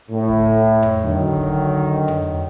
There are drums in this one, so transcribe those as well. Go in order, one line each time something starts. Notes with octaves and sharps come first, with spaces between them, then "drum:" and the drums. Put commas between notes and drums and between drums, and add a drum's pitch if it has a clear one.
A2
drum: kick C#2
drum: tom F2
D3 D#3 F#3
drum: kick C#2
drum: tom F2